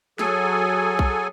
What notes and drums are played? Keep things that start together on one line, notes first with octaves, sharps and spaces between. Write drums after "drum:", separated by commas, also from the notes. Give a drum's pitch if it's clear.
F#3 G#4 A4 G#5, drum: snare
drum: kick B1